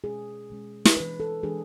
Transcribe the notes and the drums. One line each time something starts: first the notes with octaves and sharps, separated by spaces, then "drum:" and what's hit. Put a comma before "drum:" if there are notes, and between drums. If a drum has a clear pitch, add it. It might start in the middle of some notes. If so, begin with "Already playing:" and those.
B2 G#3 C#4 G#4
B2 G#3 C#4
drum: snare
E3 G#3 D4 B4
A4
E3 G#3 D4 G#4